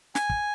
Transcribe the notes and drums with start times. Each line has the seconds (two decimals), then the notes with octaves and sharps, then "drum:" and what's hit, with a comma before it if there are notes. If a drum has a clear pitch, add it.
0.15 G#5, drum: snare
0.29 drum: kick